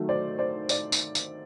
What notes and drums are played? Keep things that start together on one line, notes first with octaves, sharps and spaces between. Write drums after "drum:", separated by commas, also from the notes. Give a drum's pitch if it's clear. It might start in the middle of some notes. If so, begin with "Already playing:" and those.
Already playing: D#3 F#3 A3
C5 D5
C5 D5
C5 D5, drum: tambourine
drum: tambourine
drum: tambourine